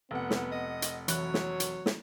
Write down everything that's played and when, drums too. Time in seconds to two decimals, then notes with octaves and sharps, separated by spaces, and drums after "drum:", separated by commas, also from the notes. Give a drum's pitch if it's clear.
0.11 F1 B3 F#5
0.30 drum: snare
0.52 D#5
0.82 drum: hi-hat
1.08 E3 F#3 C#5 F#6, drum: hi-hat
1.34 drum: snare
1.60 drum: hi-hat
1.86 drum: snare